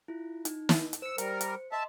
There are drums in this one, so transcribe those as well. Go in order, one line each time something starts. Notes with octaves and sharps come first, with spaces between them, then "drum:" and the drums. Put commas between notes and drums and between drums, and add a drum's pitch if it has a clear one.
E4 F4
D#4, drum: hi-hat
drum: snare
drum: hi-hat
C5 E6 C#7
G3 A#4, drum: hi-hat
drum: hi-hat
D#5 E5 A5 C6